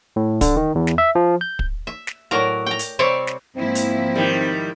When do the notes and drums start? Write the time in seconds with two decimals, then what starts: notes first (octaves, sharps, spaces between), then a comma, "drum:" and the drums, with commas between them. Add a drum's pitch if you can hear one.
0.16 A2
0.41 D3, drum: kick, hi-hat
0.57 D#3
0.75 E2
0.87 drum: snare
0.98 E5
1.15 F3
1.41 G6
1.59 drum: kick
1.87 E5
2.07 drum: snare
2.31 A2 F#3 A#4 D5 A#5
2.66 G5 A#5
2.79 drum: hi-hat
2.99 C3 G3 C4 C#5 D5 E5
3.27 drum: snare
3.56 G#2 F3 A#3 C4 E4
3.75 drum: hi-hat
4.15 D#3 G3